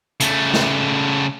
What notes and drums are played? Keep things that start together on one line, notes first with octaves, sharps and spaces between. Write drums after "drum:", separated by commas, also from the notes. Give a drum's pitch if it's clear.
C#3 A3, drum: hi-hat
drum: snare